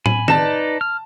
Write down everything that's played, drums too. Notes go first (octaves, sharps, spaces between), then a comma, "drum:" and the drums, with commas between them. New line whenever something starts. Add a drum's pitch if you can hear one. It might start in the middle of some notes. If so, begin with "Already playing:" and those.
G#5 B5, drum: tom
D#4 B4 D5 A5 E7, drum: tom D#3
F6